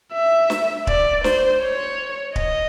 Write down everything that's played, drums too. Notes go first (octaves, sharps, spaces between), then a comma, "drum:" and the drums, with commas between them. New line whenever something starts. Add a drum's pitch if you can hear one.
E5
drum: snare
D5, drum: kick
C5, drum: snare
C#5
D#5, drum: kick